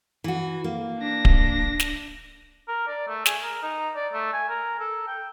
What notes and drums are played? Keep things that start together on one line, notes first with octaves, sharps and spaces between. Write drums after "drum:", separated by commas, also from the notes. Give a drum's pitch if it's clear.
E3 F#4
A#3
D4 A#6
drum: kick D1
drum: snare
A#4
D5
A3
G#4, drum: snare
A#4
D#4
D5
A3
G#5
A#4
A4
G5